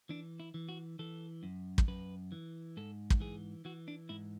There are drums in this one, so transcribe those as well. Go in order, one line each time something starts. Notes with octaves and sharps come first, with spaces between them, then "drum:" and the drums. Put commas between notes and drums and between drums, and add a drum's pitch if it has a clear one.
E3 D4
E4
E3
F#4
E3 A4
F#2
drum: kick
F#2 B4
E3
G#2 A4
drum: kick
E3 G#4
E3 F#4
D4
G#2 E4